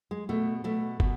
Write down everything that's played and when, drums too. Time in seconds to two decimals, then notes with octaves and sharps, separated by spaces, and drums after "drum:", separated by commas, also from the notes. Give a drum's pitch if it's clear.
0.11 G#3
0.29 B2 A3
0.64 B2 A3
1.00 B2, drum: kick